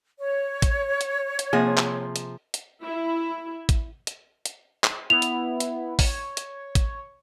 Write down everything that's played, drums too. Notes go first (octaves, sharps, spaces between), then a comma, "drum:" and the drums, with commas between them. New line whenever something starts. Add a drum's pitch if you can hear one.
C#5
drum: kick A1, hi-hat
drum: hi-hat
drum: hi-hat
C3 F3 A#3 G#4
drum: clap
drum: hi-hat
drum: hi-hat
E4
drum: kick A1, hi-hat
drum: hi-hat
drum: hi-hat
drum: clap
B3 E4 F7
drum: hi-hat
drum: hi-hat
C#5, drum: kick A1, open hi-hat
drum: hi-hat
drum: kick A1, hi-hat